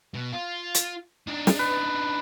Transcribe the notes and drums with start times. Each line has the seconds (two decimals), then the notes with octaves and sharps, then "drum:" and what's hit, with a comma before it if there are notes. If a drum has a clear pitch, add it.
0.14 B2
0.32 F4
0.75 drum: hi-hat
1.27 D4 D#4
1.47 drum: snare
1.59 B4